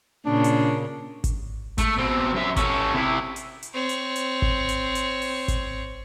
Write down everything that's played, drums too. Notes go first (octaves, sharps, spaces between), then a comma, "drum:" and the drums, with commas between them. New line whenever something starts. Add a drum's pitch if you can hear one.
A#2 C#3 D4
drum: hi-hat
drum: kick G#1, hi-hat
A3, drum: kick G#1, hi-hat
B2 C4
F#2 E5
C#4 A4, drum: kick G#1, hi-hat
C3 E4
drum: hi-hat
drum: hi-hat
C4 C#5
drum: hi-hat
drum: hi-hat
drum: kick G#1
drum: hi-hat
drum: hi-hat
drum: open hi-hat
drum: kick G#1, hi-hat